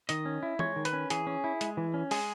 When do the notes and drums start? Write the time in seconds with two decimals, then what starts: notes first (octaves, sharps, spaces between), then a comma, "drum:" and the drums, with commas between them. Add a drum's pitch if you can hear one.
0.09 D#3 D#5, drum: hi-hat
0.25 C#4
0.43 E4
0.59 G#3 C#5, drum: tom
0.76 D#3
0.85 B4, drum: hi-hat
0.93 C#4
1.10 E3 G#4, drum: hi-hat
1.27 C#4
1.44 E4
1.61 G#3, drum: hi-hat
1.77 E3
1.94 C#4
2.11 G#3 G#4, drum: open hi-hat